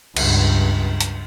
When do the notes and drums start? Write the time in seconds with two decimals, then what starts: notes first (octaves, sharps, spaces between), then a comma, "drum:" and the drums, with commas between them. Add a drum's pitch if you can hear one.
0.17 C#2 G2, drum: cymbal
1.01 drum: hi-hat